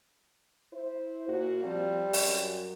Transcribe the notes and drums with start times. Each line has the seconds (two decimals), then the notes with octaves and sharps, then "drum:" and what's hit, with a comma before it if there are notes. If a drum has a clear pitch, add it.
0.73 E4 C5
1.27 A#2 A#3 F#4
1.65 F3 G3 C4
2.13 F#2, drum: open hi-hat